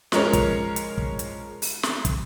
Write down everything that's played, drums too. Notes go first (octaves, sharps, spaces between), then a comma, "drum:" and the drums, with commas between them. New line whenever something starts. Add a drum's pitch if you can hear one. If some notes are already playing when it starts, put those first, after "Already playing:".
F3 G#3 C#4 A#4 C#5, drum: snare
drum: kick, hi-hat
drum: hi-hat
drum: kick
drum: hi-hat
drum: open hi-hat
drum: snare
drum: kick, hi-hat